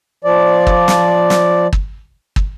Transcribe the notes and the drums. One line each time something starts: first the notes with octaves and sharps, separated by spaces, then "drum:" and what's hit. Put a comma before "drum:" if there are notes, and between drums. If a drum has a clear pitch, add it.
F3 D5
drum: kick
drum: snare
drum: snare
drum: kick
drum: kick